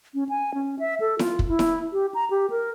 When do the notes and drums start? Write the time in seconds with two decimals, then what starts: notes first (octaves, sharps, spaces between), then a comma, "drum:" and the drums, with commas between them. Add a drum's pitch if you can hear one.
0.14 C#4
0.29 G#5
0.54 C#4
0.79 E5
1.00 A4
1.19 F4, drum: snare E4
1.39 drum: kick
1.48 E4
1.59 drum: snare E4
1.93 G4
2.14 A#5
2.31 G4
2.50 A#4